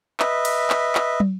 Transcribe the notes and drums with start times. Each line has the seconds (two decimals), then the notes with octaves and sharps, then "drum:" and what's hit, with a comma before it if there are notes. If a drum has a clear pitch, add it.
0.20 B4 D#5 E5, drum: clap
0.45 drum: cymbal
0.70 drum: clap
0.95 drum: clap
1.20 drum: tom